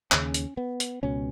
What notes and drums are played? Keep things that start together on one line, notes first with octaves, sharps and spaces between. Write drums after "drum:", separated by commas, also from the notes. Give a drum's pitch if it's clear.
D#2 C#3 C#4, drum: clap
drum: hi-hat
B3
drum: hi-hat
C#2 B2 C#4